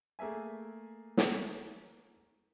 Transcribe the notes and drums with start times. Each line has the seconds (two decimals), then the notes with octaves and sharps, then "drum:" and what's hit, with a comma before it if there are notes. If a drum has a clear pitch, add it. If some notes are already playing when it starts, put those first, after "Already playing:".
0.19 A3 A#3 G#4 E5 G#5
1.17 drum: snare